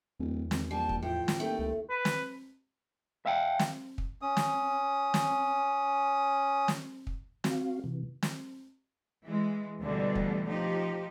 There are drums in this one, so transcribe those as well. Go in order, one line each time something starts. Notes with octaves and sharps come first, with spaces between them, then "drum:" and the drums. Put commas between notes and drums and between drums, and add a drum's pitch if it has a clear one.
D1 E2
G#1, drum: snare
A#1 G3 A5
drum: kick
A2 F3 G5
drum: snare
D#2 A3
C#2
B4
drum: snare
E5 F5 G5
drum: snare
drum: kick
C#4 D#6
drum: snare
drum: snare
drum: snare
drum: kick
C4 F#4 F5, drum: snare
C3 E3
drum: snare
E3 G#3
D2 B2 D3 E3 G3
drum: kick
F3 D#4 G4